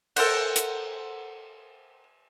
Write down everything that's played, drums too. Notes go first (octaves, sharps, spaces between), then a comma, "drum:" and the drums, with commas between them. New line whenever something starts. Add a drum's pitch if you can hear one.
A4 A#4 C5 F#5, drum: cymbal
drum: hi-hat